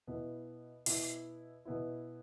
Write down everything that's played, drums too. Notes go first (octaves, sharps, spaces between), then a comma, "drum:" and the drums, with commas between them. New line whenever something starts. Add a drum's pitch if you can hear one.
B2 B3 E4
B2 B3 E4, drum: open hi-hat
B2 B3 E4